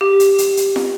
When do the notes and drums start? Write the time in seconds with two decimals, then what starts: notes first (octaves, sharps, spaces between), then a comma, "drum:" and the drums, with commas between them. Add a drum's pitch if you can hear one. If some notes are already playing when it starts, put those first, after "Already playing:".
0.01 G4
0.20 drum: hi-hat
0.38 drum: hi-hat
0.57 drum: hi-hat
0.76 drum: snare